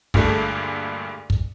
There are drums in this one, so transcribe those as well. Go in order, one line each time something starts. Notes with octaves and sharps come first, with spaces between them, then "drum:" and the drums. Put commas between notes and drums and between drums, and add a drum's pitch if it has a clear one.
D2 G2 A#2 D3 G#3 A3, drum: kick
drum: kick